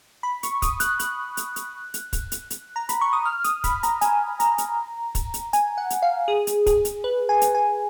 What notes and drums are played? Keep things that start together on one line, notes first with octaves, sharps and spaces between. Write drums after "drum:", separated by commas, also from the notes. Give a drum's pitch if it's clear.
B5
C#6, drum: hi-hat
D#6, drum: kick, hi-hat
F#6, drum: hi-hat
F#6, drum: hi-hat
drum: hi-hat
drum: hi-hat
drum: hi-hat
drum: kick, hi-hat
drum: hi-hat
drum: hi-hat
A#5
B5, drum: hi-hat
C#6
D#6
F6
D#6, drum: hi-hat
B5, drum: kick, hi-hat
A#5, drum: hi-hat
G#5, drum: hi-hat
A#5, drum: hi-hat
drum: hi-hat
drum: kick, hi-hat
drum: hi-hat
G#5, drum: hi-hat
F#5
drum: hi-hat
F5
G#4
drum: hi-hat
G#4, drum: kick, hi-hat
drum: hi-hat
B4
G#5
drum: hi-hat
G#5